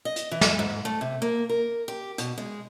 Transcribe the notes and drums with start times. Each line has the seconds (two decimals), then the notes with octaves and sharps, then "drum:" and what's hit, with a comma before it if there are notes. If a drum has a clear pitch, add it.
0.05 D#5
0.16 drum: hi-hat
0.31 E3
0.41 drum: snare
0.59 G#2
0.85 A3
1.01 C3
1.22 A#3
1.49 A#4
1.88 G4
2.18 B2, drum: hi-hat
2.38 G#3